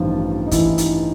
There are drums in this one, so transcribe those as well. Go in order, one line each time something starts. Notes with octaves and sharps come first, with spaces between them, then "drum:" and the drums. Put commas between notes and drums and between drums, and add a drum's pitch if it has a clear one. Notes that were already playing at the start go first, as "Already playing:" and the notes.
Already playing: A1 G2 D#3 F3 F4
D#4
E3 E4, drum: kick F#1, hi-hat
D#4, drum: hi-hat